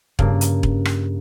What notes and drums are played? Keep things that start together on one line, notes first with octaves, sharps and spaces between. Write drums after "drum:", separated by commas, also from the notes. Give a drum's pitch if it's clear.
G2 C#3 A#3 F4, drum: kick E1
drum: hi-hat
drum: kick E1
drum: rim click